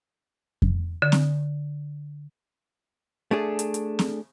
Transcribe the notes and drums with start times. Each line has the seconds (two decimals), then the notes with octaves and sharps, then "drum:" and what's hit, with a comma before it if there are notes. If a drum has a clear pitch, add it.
0.62 drum: kick F2
1.02 D3
1.12 drum: snare C4
3.31 A3 D4 G#4
3.59 drum: hi-hat
3.74 drum: hi-hat
3.99 drum: snare C4